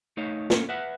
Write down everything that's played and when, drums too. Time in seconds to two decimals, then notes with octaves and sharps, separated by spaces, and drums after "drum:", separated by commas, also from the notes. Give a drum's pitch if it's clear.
0.17 A3 D#4 C#5 F5
0.50 A3 A#3 C#4, drum: snare
0.69 B4 E5 F#5